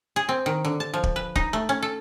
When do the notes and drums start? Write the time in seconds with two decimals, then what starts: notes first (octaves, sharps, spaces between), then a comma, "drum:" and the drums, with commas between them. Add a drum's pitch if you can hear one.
0.16 G#4
0.29 C4
0.46 D#3
0.65 D3
0.80 A5
0.94 F3
1.03 drum: kick
1.16 B4
1.36 D#4, drum: kick
1.53 A3
1.69 C#4
1.83 A4